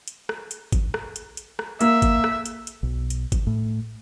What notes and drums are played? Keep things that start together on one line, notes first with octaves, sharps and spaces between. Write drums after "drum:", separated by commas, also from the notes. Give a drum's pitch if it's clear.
drum: hi-hat
drum: rim click
drum: hi-hat
drum: kick, hi-hat
drum: rim click
drum: hi-hat
drum: hi-hat
drum: rim click
A#3 E5, drum: hi-hat
drum: kick, hi-hat
drum: rim click
drum: hi-hat
drum: hi-hat
B1
drum: hi-hat
drum: kick, hi-hat
A2